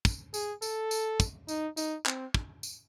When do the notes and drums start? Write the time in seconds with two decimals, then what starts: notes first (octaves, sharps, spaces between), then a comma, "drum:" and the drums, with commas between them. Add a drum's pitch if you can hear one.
0.05 drum: kick, tambourine
0.34 G#4, drum: tambourine
0.62 A4, drum: tambourine
0.91 drum: tambourine
1.20 drum: kick, tambourine
1.48 D#4, drum: tambourine
1.77 D#4, drum: tambourine
2.06 C4, drum: clap
2.34 drum: kick
2.63 drum: tambourine